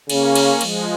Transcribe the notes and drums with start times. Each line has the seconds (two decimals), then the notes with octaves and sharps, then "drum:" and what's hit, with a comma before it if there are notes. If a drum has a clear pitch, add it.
0.09 C#3 A#3 C#4, drum: cymbal
0.35 drum: cymbal
0.61 F3 G#3, drum: cymbal